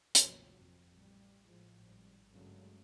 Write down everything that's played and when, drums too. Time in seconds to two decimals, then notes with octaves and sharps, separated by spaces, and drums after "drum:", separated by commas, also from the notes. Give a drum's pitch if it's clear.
0.15 G#1 D2 C3 F3 F#3 A#3, drum: hi-hat
0.55 F2
0.91 A1 G3
1.45 A2 F3 G#3
1.81 G#1 G3
2.32 G2 C#3 F#3 G#3 A3